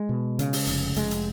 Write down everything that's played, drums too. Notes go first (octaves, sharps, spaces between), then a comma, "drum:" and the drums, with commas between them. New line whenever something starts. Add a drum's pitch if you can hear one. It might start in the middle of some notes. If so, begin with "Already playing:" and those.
Already playing: G#3
B2
C#3, drum: hi-hat
drum: open hi-hat
F1, drum: hi-hat
F1 G#3, drum: hi-hat
drum: hi-hat